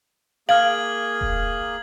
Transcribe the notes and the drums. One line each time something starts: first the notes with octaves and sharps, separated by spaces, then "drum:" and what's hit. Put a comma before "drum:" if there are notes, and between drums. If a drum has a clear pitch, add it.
A#3 G#4 F5 F6 G#6 F#7
drum: kick E1